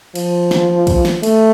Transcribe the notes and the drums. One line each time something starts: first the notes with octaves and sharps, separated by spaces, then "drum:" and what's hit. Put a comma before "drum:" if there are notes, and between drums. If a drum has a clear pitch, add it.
F3, drum: cymbal
drum: snare
drum: kick, cymbal
drum: snare
A3, drum: cymbal